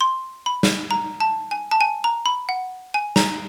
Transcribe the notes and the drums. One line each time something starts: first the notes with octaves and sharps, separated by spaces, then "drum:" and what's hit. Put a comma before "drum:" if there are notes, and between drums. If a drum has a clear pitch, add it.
C6
B5
drum: snare
A#5
A5
G#5
A5
G#5
A#5
B5
F#5
G#5
A#5, drum: snare